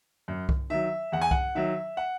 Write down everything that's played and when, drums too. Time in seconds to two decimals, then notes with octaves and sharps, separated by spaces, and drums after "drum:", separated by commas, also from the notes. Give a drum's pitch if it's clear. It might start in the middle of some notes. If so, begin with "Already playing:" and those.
0.28 F#2
0.49 drum: kick C2
0.70 D#3 F#3 E5
1.12 E2 F#5
1.21 G#5
1.31 F#5, drum: kick C2
1.55 D#3 F#3 E5
1.97 F#5